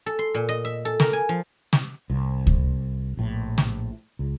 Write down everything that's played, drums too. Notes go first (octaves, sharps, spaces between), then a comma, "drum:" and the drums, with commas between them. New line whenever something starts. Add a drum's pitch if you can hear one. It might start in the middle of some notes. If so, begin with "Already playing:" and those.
A4
C6
A#2
D#5
E5
A4
A#4, drum: snare
G#5
F3
drum: snare
C2
drum: kick C#2
A#1 A2
drum: snare
C#2